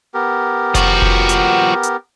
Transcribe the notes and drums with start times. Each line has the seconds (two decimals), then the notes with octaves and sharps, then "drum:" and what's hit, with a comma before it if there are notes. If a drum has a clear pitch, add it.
0.14 B3 G4 A#4
0.75 F3 F#4, drum: kick F1, hi-hat
1.02 drum: kick F1
1.29 drum: hi-hat
1.83 drum: hi-hat